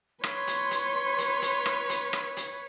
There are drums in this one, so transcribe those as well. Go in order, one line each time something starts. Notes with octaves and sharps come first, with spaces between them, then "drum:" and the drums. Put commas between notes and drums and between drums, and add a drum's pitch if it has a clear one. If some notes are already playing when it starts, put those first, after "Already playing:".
B4 C#5 C6, drum: rim click
drum: hi-hat
drum: hi-hat
drum: hi-hat
drum: hi-hat
drum: rim click
drum: hi-hat
drum: rim click
drum: hi-hat